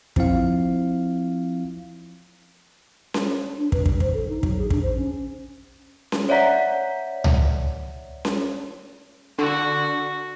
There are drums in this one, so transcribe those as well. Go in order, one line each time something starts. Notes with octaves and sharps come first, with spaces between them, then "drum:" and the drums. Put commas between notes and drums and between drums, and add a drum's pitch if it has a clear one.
F3 C4 E4 F5, drum: kick
drum: snare C#4
D4
B4, drum: kick
G3, drum: kick
C5, drum: kick
A4
D#4
F#3, drum: kick
G#4
D4, drum: kick
C5
C#4
drum: snare C#4
C#5 D5 E5 F#5 A#5 B6
drum: tom C#2
drum: snare C#4
D3 F#4